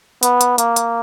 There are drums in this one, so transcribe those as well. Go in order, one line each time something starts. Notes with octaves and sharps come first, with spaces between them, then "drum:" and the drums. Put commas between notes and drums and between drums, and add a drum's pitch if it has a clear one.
B3, drum: hi-hat
drum: hi-hat
A#3, drum: hi-hat
drum: hi-hat